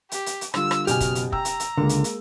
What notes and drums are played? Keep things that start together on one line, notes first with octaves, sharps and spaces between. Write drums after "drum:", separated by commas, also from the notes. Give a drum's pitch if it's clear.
G4, drum: hi-hat
drum: hi-hat
drum: hi-hat
D3 G3 F4 E6, drum: rim click
drum: rim click
F#1 B2 F#4 G4 G#5 F6, drum: hi-hat
drum: kick, hi-hat
drum: hi-hat
G5 A#5 E6, drum: kick
drum: hi-hat
drum: hi-hat
C#2 D3 G#3 A#3
drum: hi-hat
drum: hi-hat